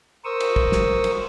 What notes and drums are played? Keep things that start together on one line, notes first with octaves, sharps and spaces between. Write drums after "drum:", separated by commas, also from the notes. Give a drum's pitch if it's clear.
A#4 C5 C#6 D#6 E6
drum: cymbal
drum: kick
drum: snare
drum: cymbal